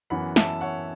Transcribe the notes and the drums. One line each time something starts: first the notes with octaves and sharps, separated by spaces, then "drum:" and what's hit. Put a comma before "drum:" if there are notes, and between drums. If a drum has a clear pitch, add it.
F#2 E3 B3 F#5 B5
E5 A5, drum: snare
C#5 F#5